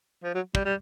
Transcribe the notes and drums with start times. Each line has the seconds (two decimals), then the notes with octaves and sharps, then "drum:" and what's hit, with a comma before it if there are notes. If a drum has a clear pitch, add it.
0.24 F3
0.35 F#3
0.55 G3, drum: kick
0.65 G3